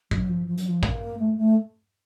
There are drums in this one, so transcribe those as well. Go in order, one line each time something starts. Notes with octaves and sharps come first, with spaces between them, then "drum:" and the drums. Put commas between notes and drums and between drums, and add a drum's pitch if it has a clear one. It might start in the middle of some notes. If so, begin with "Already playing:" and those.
F#3, drum: kick A1
F3
F3
F#3, drum: hi-hat
F3
A#3, drum: kick A1
A3
A3